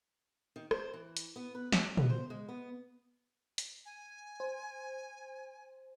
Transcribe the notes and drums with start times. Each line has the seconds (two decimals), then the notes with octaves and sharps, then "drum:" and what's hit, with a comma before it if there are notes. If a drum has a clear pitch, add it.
0.56 D#3
0.71 C5, drum: rim click
0.94 E3
1.17 drum: hi-hat
1.36 B3
1.55 B4
1.72 F#3, drum: snare
1.97 B3, drum: tom A#2
2.10 C5
2.30 G#3
2.49 B3
3.58 drum: hi-hat
3.85 G#5
4.40 C5